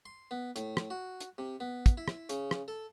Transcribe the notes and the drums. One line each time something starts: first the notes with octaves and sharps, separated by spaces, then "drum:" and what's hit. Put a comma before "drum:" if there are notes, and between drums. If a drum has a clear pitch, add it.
C6
B3
A2, drum: hi-hat
drum: rim click
F#4
drum: hi-hat
C3
B3
drum: kick, hi-hat
E4
drum: rim click
C#3, drum: hi-hat
drum: rim click
A4